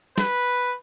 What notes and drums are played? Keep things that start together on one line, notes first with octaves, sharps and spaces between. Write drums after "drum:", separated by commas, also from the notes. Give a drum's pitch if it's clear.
B4, drum: snare